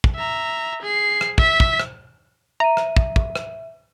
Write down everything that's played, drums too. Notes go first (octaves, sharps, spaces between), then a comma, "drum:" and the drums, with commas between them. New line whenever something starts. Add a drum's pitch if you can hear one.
drum: kick
E5 A#5
G#4 C7
drum: rim click
E5 B6, drum: kick
drum: kick
drum: rim click
E5 A#5 D#7
drum: rim click
drum: kick
drum: kick
drum: rim click